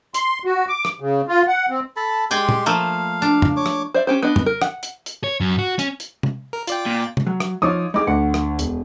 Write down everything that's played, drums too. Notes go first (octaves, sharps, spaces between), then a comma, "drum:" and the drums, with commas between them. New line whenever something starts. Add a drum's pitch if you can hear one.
C6, drum: hi-hat
F#4
D6
drum: rim click
C#3
F4
F#5
C4
A4 A5 B5
G#3 G4 D5 G5 G#5 C6
drum: tom A#2
F3 A3 A#3 F5
D4
drum: tom F2
C#5 D6
drum: rim click
C5 D5 E5
C#4 G4 C5
B3 D4 D#5
drum: tom F2
A#4
F#5, drum: rim click
drum: hi-hat
drum: hi-hat
C#5
F#2
F#4
C#4, drum: hi-hat
drum: hi-hat
drum: tom C3
A#4
F4 D5 G5, drum: hi-hat
A#2
drum: tom C3
F#3
drum: rim click
F3 D#4 F4 C#5 D6 D#6
G3 D#4 G#4 D#5 D6
D2 F#5
drum: rim click
E1, drum: hi-hat